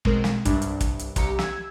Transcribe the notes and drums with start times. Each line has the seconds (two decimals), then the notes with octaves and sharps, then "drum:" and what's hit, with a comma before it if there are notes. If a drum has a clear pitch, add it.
0.05 B2 G#3 C4 A#4, drum: kick
0.24 drum: snare
0.45 C2 G2 D4, drum: kick, hi-hat
0.62 drum: hi-hat
0.81 drum: kick, hi-hat
0.99 drum: hi-hat
1.16 C2 G4 A#5 C#7, drum: kick, hi-hat
1.39 E6 G#6, drum: snare